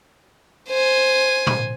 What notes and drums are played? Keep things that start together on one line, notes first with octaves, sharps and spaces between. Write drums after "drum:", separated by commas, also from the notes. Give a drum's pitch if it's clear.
C5 G#5
drum: tom A2